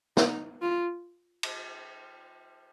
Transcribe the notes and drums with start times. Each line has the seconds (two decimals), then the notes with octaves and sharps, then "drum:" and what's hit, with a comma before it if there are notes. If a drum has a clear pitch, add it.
0.17 D#4, drum: snare
0.62 F4
1.43 drum: cymbal